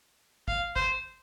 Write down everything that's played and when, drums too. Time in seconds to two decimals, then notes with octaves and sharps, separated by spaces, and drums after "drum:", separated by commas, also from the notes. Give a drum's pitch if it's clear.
0.48 F5, drum: kick
0.76 C5, drum: kick